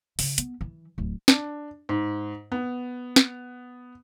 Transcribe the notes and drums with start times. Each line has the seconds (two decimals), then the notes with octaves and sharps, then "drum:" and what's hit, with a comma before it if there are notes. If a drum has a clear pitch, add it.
0.19 C#3, drum: open hi-hat
0.38 B3, drum: hi-hat
0.61 E3
0.98 D1
1.28 D4, drum: snare
1.89 G#2
2.52 B3
3.16 drum: snare